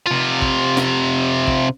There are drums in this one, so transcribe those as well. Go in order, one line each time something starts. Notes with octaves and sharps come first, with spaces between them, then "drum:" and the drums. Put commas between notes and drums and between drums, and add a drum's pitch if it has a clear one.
C3 F4
drum: kick
drum: snare
drum: kick